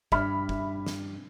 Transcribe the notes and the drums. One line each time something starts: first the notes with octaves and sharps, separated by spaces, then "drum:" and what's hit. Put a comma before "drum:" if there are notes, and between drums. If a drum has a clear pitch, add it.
G2 E5 B5 F6, drum: kick
drum: kick
drum: snare